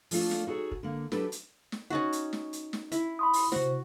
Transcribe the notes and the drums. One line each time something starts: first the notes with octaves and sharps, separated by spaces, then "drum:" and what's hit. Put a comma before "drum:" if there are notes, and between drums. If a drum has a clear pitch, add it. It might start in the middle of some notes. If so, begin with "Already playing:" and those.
F3 A3 D4 F4 A4, drum: open hi-hat
drum: snare
D#4 F#4 G#4 A4 C#5
drum: kick
D3 A#3
F#3 D4 G4 A4 B4, drum: snare
drum: hi-hat
drum: snare
C#4 D#4 F#4
drum: hi-hat
drum: snare
drum: hi-hat
drum: snare
E4, drum: hi-hat
B5 C6 D#6
drum: open hi-hat
C3 F#4 C5, drum: snare